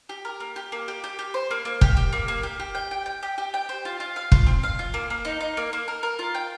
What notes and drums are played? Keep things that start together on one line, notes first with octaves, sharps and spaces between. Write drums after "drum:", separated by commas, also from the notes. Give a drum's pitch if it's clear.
G4
A#4
A#3
G4
A#3
G4
G4
G4
C5
A#3
A#3
G4, drum: kick
G4
A#3
A#3
G4
G4
G5
G5
G5
G4
G4
G5
C5
F4
F4
F5
F4, drum: kick
C4
F5
F4
A#3
A#3
D#4
D#4
A#3
A#3
A#4
A#4
F4
G5